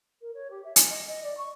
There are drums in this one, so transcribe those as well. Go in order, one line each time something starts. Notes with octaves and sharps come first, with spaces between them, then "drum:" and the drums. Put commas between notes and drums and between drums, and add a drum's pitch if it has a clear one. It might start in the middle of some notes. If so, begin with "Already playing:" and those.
A#4
C#5
G4
E5
G#5, drum: hi-hat
D#5
D#5
D5
C#6